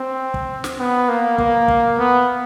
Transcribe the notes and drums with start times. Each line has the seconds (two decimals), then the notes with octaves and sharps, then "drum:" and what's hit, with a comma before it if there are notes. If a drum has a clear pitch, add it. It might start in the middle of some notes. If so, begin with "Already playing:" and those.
Already playing: C4
0.34 drum: kick
0.64 drum: snare
0.79 B3
1.08 A#3
1.38 A#3, drum: kick
1.68 drum: kick
1.98 B3